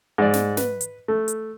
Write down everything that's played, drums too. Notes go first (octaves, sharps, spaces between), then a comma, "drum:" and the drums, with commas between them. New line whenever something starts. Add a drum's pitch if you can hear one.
G#2 D5
drum: snare
B4, drum: snare
drum: hi-hat
A3
drum: hi-hat